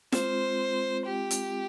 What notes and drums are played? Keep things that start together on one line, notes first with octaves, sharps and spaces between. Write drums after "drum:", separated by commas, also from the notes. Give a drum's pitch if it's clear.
G#3 C4 F4 C5, drum: snare
G4
drum: hi-hat